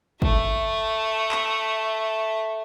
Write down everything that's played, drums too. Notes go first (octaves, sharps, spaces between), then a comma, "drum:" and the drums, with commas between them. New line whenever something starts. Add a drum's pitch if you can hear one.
A3 E5, drum: kick
drum: clap